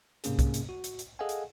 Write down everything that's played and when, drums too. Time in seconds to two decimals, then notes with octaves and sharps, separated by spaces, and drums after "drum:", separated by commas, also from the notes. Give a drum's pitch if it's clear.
0.24 G#2 C3 A#3 C#4 G#4, drum: hi-hat
0.39 drum: kick, hi-hat
0.54 drum: hi-hat
0.69 F#4
0.84 drum: hi-hat
0.99 drum: hi-hat
1.19 G#4 A4 D#5 F5 F#5 G#5
1.29 drum: hi-hat